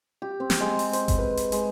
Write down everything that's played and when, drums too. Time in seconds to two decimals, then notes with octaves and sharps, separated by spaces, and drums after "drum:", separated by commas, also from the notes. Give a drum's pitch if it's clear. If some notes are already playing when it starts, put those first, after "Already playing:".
0.22 G4
0.40 C4
0.50 drum: snare
0.60 G#3
0.79 drum: open hi-hat
0.93 C5, drum: hi-hat
1.08 drum: kick G1, hi-hat
1.19 B4
1.37 drum: hi-hat
1.52 G#3, drum: hi-hat